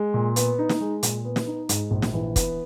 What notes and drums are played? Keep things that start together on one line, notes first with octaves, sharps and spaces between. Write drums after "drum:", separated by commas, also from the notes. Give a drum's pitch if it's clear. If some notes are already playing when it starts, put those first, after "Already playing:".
Already playing: G#3
A#2
B3, drum: hi-hat
D#4
drum: snare
G#3
A#2, drum: hi-hat
B3
drum: snare
D#4
G#2, drum: hi-hat
A#1
drum: snare
E3
B3, drum: kick, hi-hat